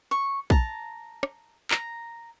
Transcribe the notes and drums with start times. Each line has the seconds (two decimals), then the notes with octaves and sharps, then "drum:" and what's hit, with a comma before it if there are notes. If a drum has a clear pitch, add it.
0.11 C#6
0.50 A5 A#5, drum: kick
1.23 drum: rim click
1.71 A#5, drum: clap